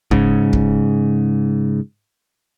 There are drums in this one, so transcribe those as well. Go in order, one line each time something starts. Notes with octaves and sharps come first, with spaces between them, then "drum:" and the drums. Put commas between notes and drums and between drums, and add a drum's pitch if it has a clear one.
G#2 C#3, drum: kick
drum: kick